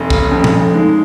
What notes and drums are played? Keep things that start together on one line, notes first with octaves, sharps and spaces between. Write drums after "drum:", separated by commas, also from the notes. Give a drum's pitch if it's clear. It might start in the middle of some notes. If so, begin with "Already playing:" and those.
Already playing: F1 A#3
C#3, drum: kick
F2 C#4
drum: tom A#2
F1
G#3 D#4